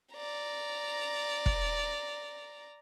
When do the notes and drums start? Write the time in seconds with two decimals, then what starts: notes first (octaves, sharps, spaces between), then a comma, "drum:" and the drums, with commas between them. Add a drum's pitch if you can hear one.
0.13 D5 A#5
1.46 drum: kick F1